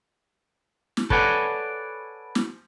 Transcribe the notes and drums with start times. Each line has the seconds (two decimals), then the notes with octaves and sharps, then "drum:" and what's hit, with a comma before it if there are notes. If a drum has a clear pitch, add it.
0.97 drum: snare
1.10 A4 B4 C#5 D5 F#5 G#5, drum: kick
2.35 drum: snare